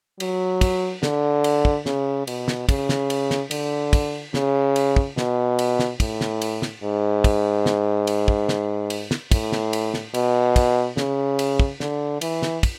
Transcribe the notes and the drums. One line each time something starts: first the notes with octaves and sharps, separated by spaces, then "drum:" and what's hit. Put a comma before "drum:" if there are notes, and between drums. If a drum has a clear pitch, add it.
F#3, drum: cymbal
drum: kick, cymbal
D3, drum: snare
drum: cymbal
drum: kick
C#3, drum: snare
B2, drum: cymbal
drum: snare
C#3, drum: kick, cymbal
drum: snare
drum: cymbal
drum: snare
D3, drum: cymbal
drum: kick, cymbal
C#3, drum: snare
drum: cymbal
drum: kick
B2, drum: snare
drum: cymbal
drum: snare
A2, drum: kick, cymbal
drum: snare
drum: cymbal
drum: snare
G#2
drum: kick, cymbal
drum: snare
drum: cymbal
drum: kick
drum: snare
drum: cymbal
drum: snare
A2, drum: kick, cymbal
drum: snare
drum: cymbal
drum: snare
B2, drum: cymbal
drum: kick, cymbal
C#3, drum: snare
drum: cymbal
drum: kick
D3, drum: snare
E3, drum: cymbal
drum: snare
drum: kick, cymbal